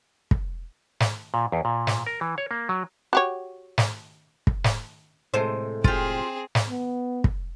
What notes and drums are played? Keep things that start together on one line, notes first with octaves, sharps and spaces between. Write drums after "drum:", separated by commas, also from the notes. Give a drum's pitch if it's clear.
drum: kick
drum: snare
A#2
E2
A#2
drum: snare
A#4
E3
C#5
A#3
F#3
F#4 G4 C#5
drum: snare
drum: kick
drum: snare
A2 C3 G#3 A4 C5
C4 F4 G4 G#4, drum: kick
drum: snare
B3
drum: kick